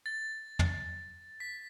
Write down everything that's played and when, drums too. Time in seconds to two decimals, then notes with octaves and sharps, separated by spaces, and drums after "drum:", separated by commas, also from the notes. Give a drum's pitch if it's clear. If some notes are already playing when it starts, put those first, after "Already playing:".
0.06 A6
0.59 drum: tom
1.40 B6